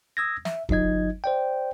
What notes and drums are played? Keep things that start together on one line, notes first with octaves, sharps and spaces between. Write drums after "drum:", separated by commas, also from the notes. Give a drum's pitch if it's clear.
D#6 E6 G#6 A#6
E5, drum: snare
G1 F#3 D#4 D#5 G#6, drum: kick D#1
C5 D5 G5